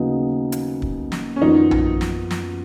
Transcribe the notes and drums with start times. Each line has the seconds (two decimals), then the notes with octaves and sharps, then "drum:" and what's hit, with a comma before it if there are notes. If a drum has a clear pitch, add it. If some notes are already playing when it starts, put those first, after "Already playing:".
Already playing: D#2 C#3 F#3 B3 D#4
0.52 drum: hi-hat
0.82 drum: kick
1.12 drum: snare
1.36 C#4
1.41 F#2 D#3 F3 B3 D#4 F4
1.71 drum: tom A#1
2.01 drum: snare
2.31 drum: snare